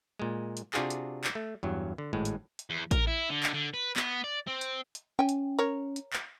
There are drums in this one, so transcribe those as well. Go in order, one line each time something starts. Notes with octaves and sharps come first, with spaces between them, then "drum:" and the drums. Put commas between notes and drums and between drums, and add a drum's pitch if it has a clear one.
A#2 G#3
drum: hi-hat
C3 D4 F4 F#4 G#4, drum: clap
drum: hi-hat
drum: clap
A3
E2 G2 F#3
D3
G#1 A2 G#3
drum: hi-hat
drum: hi-hat
E2
A#4, drum: kick A1, hi-hat
E4
D3
drum: clap
D3
B4
B3, drum: clap
D5
C4
drum: hi-hat
drum: hi-hat
C#4 G5 G#5
drum: hi-hat
A#4 C#5
drum: hi-hat
drum: clap